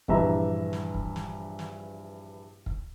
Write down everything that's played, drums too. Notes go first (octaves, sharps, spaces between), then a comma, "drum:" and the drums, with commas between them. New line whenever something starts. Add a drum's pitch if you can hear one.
A#1 G2 E3 E5 A#5, drum: kick
drum: snare
drum: kick
drum: snare
drum: snare
drum: kick